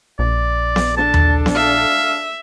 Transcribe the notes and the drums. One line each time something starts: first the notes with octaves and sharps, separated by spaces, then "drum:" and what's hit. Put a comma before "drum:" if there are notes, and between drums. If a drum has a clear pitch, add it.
A#1 D5
drum: snare B3
D4 A4 A5
drum: tom D#2
drum: snare B3
E5 F5